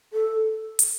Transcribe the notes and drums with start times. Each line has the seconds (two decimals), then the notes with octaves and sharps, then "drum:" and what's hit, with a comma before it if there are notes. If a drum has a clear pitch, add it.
0.13 A4
0.79 drum: hi-hat